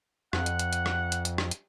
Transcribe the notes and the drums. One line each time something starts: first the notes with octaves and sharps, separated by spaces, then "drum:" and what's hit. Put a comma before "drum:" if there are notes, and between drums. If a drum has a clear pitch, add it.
F2 F#5, drum: rim click
drum: hi-hat
drum: hi-hat
drum: hi-hat
drum: rim click
drum: hi-hat
drum: hi-hat
drum: rim click
drum: hi-hat